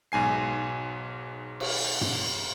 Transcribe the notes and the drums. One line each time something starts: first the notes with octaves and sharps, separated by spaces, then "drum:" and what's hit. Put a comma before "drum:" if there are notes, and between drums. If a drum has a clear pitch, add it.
B1 G#2 G#5 C7
drum: cymbal
drum: tom